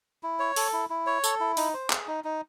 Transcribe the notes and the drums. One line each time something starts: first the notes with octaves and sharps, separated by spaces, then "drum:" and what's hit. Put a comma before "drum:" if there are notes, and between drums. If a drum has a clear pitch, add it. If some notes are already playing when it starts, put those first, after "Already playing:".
E4
C#5
A4, drum: open hi-hat
E4
E4
C#5
A4, drum: tambourine
E4
D#4, drum: open hi-hat
C5
G#4, drum: clap
D#4
D#4